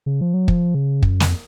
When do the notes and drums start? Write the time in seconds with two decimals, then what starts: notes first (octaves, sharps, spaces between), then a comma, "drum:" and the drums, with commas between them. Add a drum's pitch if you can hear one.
0.06 C#3
0.21 F3
0.34 F#3
0.48 F3, drum: kick
0.75 C#3
1.03 F#2, drum: kick
1.20 F2, drum: snare